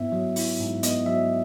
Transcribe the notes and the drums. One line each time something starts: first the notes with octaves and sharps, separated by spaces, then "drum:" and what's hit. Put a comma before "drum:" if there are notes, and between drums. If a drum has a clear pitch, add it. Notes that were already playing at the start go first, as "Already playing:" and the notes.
Already playing: G#2 B3 E4 E5
F#3
E4, drum: open hi-hat
G#2
B3 D#5, drum: hi-hat
F#3 E5